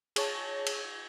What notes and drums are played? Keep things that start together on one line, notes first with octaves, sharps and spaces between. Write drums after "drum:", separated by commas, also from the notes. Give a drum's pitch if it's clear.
G#4 C#5 A5, drum: cymbal
drum: cymbal